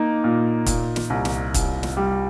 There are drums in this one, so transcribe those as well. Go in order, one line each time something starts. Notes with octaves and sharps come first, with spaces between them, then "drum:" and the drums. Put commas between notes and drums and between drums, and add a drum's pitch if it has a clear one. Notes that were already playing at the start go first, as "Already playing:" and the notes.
Already playing: A#3 D#4
A#2
A#2, drum: kick, hi-hat
drum: snare
C2
drum: snare
C2, drum: kick, hi-hat
drum: snare
G3